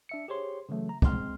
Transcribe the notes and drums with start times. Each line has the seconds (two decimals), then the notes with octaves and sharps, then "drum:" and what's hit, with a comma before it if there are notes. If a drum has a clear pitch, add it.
0.09 D4 E5 C#7
0.28 G4 G#4 C5 C#5 C6
0.69 C#3 E3 F#3 A3
0.89 A#5
1.02 C#2 G#3 C4 C6 F6, drum: kick